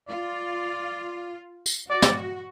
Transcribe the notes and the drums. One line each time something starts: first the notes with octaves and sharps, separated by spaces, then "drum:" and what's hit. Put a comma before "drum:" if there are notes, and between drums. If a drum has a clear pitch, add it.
F4 D5
drum: tambourine
F#4 D5
drum: snare